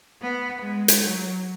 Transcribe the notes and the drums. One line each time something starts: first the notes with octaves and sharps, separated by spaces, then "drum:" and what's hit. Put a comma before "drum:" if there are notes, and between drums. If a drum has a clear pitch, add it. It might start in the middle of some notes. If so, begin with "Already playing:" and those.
B3
G#3
drum: hi-hat
F#3